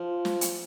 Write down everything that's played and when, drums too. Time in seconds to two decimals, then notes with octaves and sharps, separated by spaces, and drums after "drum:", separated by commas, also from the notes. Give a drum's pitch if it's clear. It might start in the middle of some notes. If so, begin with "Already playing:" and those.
Already playing: F3
0.25 drum: snare
0.41 drum: hi-hat